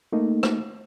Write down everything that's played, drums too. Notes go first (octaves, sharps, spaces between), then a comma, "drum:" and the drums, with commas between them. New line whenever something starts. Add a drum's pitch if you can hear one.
A3 A#3 D#4
drum: rim click